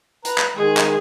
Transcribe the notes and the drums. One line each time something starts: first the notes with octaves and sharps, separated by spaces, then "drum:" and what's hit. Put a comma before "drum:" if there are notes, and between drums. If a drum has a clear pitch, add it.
B4 A#5, drum: hi-hat
drum: clap
D#3 G#3 G#4
drum: clap